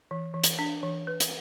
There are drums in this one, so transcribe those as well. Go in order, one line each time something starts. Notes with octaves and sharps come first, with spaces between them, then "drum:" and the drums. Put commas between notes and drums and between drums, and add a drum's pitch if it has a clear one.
E3
E3
drum: hi-hat
D4
E3
B4
drum: hi-hat